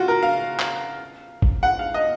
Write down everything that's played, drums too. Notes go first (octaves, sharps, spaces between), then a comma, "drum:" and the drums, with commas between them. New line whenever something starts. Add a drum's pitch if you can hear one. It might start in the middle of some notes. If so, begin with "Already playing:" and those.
Already playing: F4 F#4
A#4
F5
drum: clap
drum: kick G1
F#5
F5
D#5